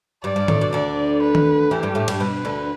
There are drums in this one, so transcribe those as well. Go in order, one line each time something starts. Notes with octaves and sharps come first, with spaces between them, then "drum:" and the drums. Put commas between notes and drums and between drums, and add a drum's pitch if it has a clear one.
G2 G3 D5
G2
A2, drum: tom D#3
B2
D2 D3 D5
B4
drum: tom D#3
E2 E3 G4
G2 G3
A2 A3
G2 G3, drum: cymbal
B2 B4
D2 D3